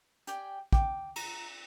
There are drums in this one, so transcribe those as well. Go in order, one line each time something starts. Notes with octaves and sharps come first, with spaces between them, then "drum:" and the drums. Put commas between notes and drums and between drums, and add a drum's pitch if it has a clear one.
G4 D5 G5 G#5, drum: hi-hat
G5 D6, drum: kick
A#5, drum: cymbal